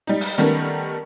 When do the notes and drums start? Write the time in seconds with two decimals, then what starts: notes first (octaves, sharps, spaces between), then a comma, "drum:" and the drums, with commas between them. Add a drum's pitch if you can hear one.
0.07 G3 D#4
0.21 drum: open hi-hat
0.38 D#3 G3 A3 B3 C#4 A#4